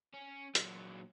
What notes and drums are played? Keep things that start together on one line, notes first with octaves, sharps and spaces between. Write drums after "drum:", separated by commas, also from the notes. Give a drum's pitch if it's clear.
C#4
A#2 F#3, drum: hi-hat